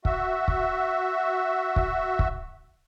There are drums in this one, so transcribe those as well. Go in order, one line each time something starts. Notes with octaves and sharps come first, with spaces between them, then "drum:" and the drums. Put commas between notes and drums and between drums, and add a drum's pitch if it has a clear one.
F#4 E5, drum: kick
drum: kick
drum: kick
drum: kick